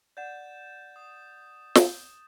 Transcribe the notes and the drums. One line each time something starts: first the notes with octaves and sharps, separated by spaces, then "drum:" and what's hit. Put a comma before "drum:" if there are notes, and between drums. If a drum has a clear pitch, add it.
D5 F#5 G6 A6 E7
D#6
drum: snare